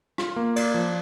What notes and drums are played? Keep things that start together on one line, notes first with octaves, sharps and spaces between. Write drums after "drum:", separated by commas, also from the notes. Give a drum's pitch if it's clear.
F4, drum: rim click
A#3
D5, drum: cymbal
F3